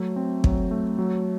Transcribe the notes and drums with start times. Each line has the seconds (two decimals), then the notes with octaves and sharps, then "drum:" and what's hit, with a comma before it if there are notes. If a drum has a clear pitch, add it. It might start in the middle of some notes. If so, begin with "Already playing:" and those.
Already playing: F#3 A3
0.16 C4
0.44 F#3, drum: kick
0.71 A3
0.99 F#3